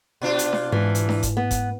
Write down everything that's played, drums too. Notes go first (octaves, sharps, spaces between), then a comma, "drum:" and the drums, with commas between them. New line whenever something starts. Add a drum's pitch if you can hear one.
B2 D4 F4
drum: hi-hat
drum: snare D4
G#2 E3
drum: hi-hat
drum: snare D4
drum: kick F#1, hi-hat
B3
drum: kick F#1, hi-hat